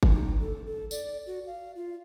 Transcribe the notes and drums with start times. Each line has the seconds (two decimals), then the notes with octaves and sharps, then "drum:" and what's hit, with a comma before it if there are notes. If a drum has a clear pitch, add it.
0.03 drum: kick G1
0.12 D#4
0.40 A4
0.66 A4
0.91 D5, drum: tambourine
1.26 F#4
1.46 F5
1.76 F4